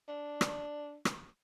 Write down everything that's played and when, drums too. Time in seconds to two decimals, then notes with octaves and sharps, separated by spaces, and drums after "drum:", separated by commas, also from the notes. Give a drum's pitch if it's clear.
0.09 D4
0.41 drum: rim click
1.05 drum: rim click